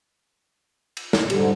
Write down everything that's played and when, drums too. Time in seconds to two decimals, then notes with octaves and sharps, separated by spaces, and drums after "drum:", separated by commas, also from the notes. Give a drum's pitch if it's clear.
0.97 drum: cymbal
1.13 drum: snare
1.30 G#2 D3 G3, drum: cymbal